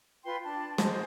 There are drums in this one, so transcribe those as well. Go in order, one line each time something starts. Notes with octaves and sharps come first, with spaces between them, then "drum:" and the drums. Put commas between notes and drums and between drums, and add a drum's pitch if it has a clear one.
F4 B4 G5 C6
D4 A5
G#4 C5 D#5, drum: snare